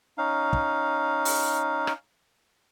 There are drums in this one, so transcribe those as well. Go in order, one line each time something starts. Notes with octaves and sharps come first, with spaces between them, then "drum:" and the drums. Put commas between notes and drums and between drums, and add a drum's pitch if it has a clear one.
C#4 D#4 F5
drum: kick
drum: open hi-hat
drum: rim click